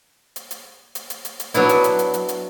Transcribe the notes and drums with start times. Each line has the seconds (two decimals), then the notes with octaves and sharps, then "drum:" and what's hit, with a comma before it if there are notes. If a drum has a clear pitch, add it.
0.36 drum: hi-hat
0.51 drum: hi-hat
0.95 drum: hi-hat
1.10 drum: hi-hat
1.25 drum: hi-hat
1.40 drum: hi-hat
1.54 F#3 B3 D4 E4, drum: hi-hat
1.69 drum: hi-hat
1.84 drum: hi-hat
1.99 drum: hi-hat
2.14 drum: hi-hat
2.28 drum: hi-hat